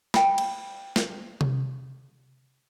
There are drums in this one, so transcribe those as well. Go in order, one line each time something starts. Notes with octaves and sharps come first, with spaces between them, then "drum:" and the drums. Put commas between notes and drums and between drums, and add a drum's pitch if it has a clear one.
G5 B5, drum: snare
drum: cymbal
drum: snare
drum: tom C3